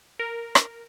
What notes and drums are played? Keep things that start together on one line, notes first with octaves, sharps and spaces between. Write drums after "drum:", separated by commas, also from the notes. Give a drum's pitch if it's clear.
A#4
drum: rim click